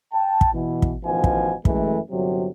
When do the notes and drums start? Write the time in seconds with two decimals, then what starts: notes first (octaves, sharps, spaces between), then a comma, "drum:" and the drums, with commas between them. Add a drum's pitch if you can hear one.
0.12 G5 A5
0.41 drum: kick
0.53 B2 E3
0.82 drum: kick
1.04 A1 B2 D#3 F3 G#5
1.24 drum: kick
1.65 F#2 E3 G#3 A3, drum: kick
2.10 G1 C3 F#3